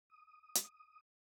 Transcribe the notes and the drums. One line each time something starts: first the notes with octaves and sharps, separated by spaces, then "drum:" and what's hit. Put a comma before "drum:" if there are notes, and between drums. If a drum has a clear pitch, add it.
D#6
drum: hi-hat